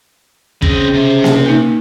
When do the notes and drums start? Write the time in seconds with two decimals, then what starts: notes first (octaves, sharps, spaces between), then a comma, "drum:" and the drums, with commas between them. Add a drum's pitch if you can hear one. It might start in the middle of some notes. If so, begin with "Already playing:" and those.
0.62 C#3 C4 D#5, drum: kick
0.94 C3
1.24 drum: snare A#3
1.46 A#3 D#4